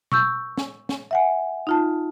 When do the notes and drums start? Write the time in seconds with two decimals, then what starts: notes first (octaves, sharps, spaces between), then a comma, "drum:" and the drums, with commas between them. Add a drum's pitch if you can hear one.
0.12 C#6 E6 G6, drum: tom B2
0.57 drum: snare
0.89 drum: snare
1.11 E5 F#5 G#5
1.67 D#4 F4 A5